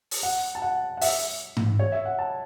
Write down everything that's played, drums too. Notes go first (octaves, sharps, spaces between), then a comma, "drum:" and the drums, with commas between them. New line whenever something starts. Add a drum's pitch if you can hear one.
drum: open hi-hat
F#5
A5
F#5
F#5
E5, drum: open hi-hat
drum: tom G#2
C#5
E5
F#5
A5